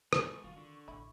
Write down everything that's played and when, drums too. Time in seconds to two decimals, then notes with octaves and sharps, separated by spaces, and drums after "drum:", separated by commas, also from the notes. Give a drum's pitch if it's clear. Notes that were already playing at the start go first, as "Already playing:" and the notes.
0.13 G#3 B3 A4 C#6, drum: rim click
0.44 D#3 C#4 F4 F#4
0.57 D3
0.88 A1 E4